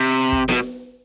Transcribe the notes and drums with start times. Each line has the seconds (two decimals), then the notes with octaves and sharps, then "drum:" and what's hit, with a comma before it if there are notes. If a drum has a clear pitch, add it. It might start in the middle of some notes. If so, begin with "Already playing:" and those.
Already playing: C3
0.32 drum: kick
0.49 B2, drum: snare B3